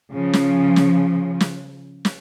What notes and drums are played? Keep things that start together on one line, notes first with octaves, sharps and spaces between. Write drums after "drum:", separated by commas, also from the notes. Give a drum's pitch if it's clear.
C#3 F3
drum: snare
drum: snare
drum: snare
drum: snare